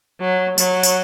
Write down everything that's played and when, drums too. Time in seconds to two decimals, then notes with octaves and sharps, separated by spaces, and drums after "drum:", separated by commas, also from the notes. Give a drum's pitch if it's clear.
0.20 F#3
0.58 F#3, drum: tambourine
0.83 drum: tambourine